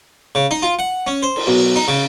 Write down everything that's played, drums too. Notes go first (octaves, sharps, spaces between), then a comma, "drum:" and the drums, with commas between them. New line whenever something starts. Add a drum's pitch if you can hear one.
C#3
D#4
F4
F#5
C#4
C5
drum: cymbal
B1
D#4
C#3